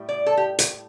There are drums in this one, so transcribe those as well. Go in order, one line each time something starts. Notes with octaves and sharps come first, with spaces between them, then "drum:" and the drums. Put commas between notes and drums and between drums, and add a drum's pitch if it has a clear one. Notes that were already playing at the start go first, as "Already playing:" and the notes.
Already playing: A2 G3
D5
A4
G4
drum: hi-hat